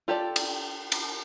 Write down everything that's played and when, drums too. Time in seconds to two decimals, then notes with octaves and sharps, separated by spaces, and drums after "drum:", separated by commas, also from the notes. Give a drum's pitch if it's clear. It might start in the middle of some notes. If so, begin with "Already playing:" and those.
0.08 F4 G4 A4 D5
0.36 drum: cymbal
0.92 drum: cymbal